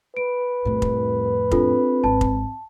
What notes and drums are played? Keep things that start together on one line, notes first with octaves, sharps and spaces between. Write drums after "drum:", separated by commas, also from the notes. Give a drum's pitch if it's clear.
B4 D7
C2 F2 A2
drum: kick F1
C4 D4 F4 A4, drum: kick F1
G#1 A5
drum: kick F1